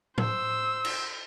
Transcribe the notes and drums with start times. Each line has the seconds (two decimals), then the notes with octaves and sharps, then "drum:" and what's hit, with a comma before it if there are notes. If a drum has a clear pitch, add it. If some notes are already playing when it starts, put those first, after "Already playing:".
0.18 C5 E6, drum: tom A2
0.85 drum: cymbal